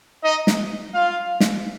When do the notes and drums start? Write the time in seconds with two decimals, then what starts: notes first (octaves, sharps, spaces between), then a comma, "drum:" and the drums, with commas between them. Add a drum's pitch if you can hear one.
0.23 D#4 D#5
0.47 drum: snare
0.93 F4 F5
1.40 drum: snare